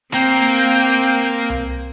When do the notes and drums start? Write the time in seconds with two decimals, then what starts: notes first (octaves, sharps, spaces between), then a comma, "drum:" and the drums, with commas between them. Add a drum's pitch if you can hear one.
0.14 A#3 C4 G5
1.50 drum: tom C2